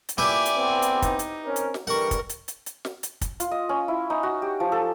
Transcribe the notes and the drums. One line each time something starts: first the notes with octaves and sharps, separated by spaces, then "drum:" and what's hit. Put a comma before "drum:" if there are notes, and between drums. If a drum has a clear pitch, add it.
drum: hi-hat
A#2 E4 G4 B4 D5 G#5
drum: hi-hat
B3 C4
drum: hi-hat
D#4, drum: kick, hi-hat
drum: hi-hat
C4 C#4 A#4
drum: hi-hat
drum: snare
D3 E3 G3 A#4 F#5 C#6
drum: kick, hi-hat
drum: hi-hat
drum: hi-hat
drum: hi-hat
drum: snare
drum: hi-hat
drum: kick, hi-hat
F4, drum: hi-hat
D#5
C#4
E4
D#4
F#4
G4
F3
A4